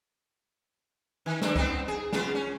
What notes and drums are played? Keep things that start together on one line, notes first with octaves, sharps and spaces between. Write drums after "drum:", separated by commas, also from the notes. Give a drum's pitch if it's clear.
D#3
G2 D4, drum: snare
B3 C4 D#4, drum: kick C#2
G#4
C#3 B3 F4, drum: snare
C#4